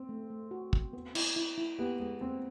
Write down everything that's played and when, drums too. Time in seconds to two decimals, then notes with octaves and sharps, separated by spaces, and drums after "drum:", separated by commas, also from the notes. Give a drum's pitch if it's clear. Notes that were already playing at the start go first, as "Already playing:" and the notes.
Already playing: C4
0.09 A3
0.30 A3
0.51 F#4
0.73 F#4, drum: kick
0.93 B3
1.15 E4, drum: cymbal
1.36 E4
1.58 E4
1.79 B3 G4
1.99 G#3 B3
2.21 B3 C4